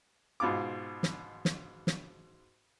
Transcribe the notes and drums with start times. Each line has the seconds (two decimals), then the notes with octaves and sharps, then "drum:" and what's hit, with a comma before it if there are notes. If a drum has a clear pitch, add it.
0.40 G#2 B2 F4 D6
1.03 drum: snare
1.45 drum: snare
1.87 drum: snare